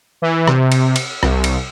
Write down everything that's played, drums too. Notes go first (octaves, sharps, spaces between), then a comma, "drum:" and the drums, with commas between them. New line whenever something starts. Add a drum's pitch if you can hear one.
E3
C3, drum: rim click
drum: cymbal
drum: cymbal
C2, drum: rim click
drum: cymbal